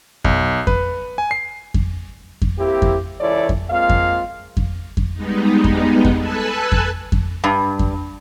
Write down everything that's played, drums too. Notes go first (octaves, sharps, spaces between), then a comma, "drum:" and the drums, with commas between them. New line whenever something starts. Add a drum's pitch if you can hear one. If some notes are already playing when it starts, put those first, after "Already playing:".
B1, drum: kick F2
B4, drum: kick F2
G#5
C7
drum: kick F2
drum: kick F2
A#3 C4 E4 G4
drum: kick F2
C#2 E3 E4 A4 C#5 D5
drum: kick F2
G#3 A#3 C4 F4 F5
drum: kick F2
drum: kick F2
drum: kick F2
G3 G#3 B3 D#4
drum: kick F2
drum: kick F2
A4 B4 G#5 A5 E6 F#6
drum: kick F2
drum: kick F2
G2
drum: kick F2